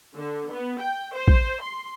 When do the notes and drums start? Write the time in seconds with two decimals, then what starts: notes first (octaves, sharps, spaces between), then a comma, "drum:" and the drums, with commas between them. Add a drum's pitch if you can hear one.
0.16 D3
0.50 B3
0.80 G5
1.15 C5
1.28 drum: kick
1.61 C6